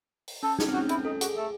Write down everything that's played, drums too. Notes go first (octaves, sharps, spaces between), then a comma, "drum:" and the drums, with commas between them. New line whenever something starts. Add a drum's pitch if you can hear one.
drum: open hi-hat
C#4 A4
D#4, drum: snare
C4
C#4 F#4
C#4 E4, drum: hi-hat
D#4 A4
F#4 G#4, drum: hi-hat
A3